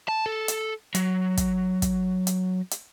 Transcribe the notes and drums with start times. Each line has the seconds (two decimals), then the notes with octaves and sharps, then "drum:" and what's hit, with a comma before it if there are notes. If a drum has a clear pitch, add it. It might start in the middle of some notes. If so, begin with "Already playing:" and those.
0.08 A5
0.26 A4
0.48 drum: hi-hat
0.95 F#3, drum: hi-hat
1.37 drum: kick, hi-hat
1.82 drum: kick, hi-hat
2.27 drum: hi-hat
2.71 drum: hi-hat